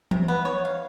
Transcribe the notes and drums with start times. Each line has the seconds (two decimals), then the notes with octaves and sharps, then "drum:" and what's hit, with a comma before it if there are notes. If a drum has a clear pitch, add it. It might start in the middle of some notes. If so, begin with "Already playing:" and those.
0.11 C3, drum: tom E3
0.28 B3
0.45 C#5
0.65 F5